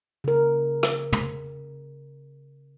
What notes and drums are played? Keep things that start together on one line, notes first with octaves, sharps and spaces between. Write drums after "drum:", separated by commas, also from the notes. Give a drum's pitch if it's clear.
C#3 A#4
drum: rim click
drum: tom